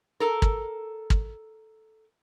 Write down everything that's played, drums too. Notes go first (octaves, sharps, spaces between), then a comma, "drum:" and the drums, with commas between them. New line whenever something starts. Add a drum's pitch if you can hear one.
A4 A#4
drum: kick
drum: kick